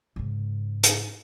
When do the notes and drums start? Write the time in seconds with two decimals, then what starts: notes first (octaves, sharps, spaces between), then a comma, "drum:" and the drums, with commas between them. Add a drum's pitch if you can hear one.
0.16 G#2 C#3
0.83 drum: hi-hat